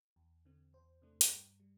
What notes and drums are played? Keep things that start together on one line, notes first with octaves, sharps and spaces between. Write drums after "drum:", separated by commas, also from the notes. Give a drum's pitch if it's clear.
E2
D3 C4
E2 C5
C3 A3 D4
drum: hi-hat
G2 G4
G3